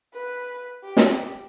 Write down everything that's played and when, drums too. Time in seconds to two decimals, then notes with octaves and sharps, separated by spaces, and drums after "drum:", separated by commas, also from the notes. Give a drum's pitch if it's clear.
0.13 B4
0.84 G4
0.97 drum: snare